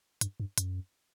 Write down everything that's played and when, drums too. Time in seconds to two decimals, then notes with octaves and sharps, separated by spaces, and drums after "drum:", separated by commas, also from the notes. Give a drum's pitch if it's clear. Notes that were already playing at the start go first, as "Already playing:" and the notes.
0.21 G2, drum: hi-hat
0.40 G2
0.58 F#2, drum: hi-hat